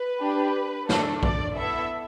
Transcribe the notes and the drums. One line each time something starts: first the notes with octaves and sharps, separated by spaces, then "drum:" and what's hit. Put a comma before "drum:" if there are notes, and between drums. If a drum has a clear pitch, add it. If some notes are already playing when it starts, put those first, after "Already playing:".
Already playing: B4
D4 G4
A3 D4 A4, drum: snare
D5, drum: kick A#1
B3 E4 A4 E5